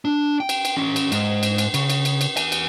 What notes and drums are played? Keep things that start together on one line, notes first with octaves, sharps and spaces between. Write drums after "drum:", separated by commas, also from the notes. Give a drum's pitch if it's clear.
D4
G5
drum: cymbal
drum: cymbal
E3 C#4
drum: cymbal
G#2, drum: cymbal
drum: cymbal
drum: cymbal
C#3, drum: cymbal
drum: cymbal
drum: cymbal
drum: cymbal
E2 G#5, drum: cymbal
drum: cymbal